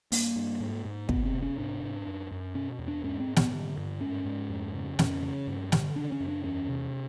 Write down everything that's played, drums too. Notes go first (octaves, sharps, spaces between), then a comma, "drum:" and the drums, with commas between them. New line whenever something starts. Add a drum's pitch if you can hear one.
G2 A#3, drum: open hi-hat
G2
G#2
G#2
C3 B3, drum: kick
C4
C3
C#4
G#2 D4
G#2
F#2
F#2
B2 C#4
E2
D4
G#2 C#4
C4
G#2
B3, drum: snare
D3
G2
G#2 C#4
G#2
F2
C#3
F2 C#4, drum: snare
C#3
G2
D3, drum: snare
C#3 D4
C#4
F#2
D4
E2 C#4
C3